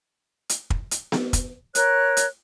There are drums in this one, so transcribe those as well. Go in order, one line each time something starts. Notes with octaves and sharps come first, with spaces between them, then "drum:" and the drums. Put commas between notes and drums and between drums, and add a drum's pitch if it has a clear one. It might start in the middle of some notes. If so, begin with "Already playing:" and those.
drum: hi-hat
drum: kick
drum: hi-hat
drum: snare B3
drum: kick, hi-hat
A#4 C#5 F#6, drum: hi-hat
drum: hi-hat